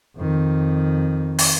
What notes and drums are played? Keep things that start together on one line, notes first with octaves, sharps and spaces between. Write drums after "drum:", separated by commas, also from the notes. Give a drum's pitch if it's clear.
F2 D#3
drum: open hi-hat